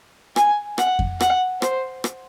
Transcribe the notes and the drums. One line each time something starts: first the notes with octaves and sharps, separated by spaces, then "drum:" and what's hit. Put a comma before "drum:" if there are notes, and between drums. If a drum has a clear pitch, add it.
G#5, drum: rim click
F#5, drum: rim click
drum: kick F2
F#5, drum: rim click
C5, drum: rim click
drum: rim click